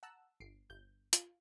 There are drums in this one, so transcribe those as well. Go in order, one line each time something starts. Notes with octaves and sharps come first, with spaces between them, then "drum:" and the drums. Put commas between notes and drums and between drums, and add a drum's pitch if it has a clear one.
F#5 A5 A#5 E6 F#6
G1 C7 D7
G1 G6
F4, drum: hi-hat